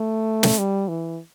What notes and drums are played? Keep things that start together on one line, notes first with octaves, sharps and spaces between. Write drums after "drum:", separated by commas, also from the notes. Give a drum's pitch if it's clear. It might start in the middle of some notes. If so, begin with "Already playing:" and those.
Already playing: A3
drum: snare
G3
E3